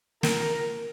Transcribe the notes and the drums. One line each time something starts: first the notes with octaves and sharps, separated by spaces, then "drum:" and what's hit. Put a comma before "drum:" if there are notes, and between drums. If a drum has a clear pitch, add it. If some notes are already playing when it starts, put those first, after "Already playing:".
A#4, drum: snare